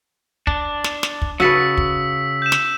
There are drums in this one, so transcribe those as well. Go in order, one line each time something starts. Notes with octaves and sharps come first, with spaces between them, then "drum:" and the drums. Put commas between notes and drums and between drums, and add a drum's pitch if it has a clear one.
D4, drum: kick
drum: snare
drum: snare
drum: kick
C#3 F#4 A4 B4 E6 B6
drum: kick
G6 E7
drum: snare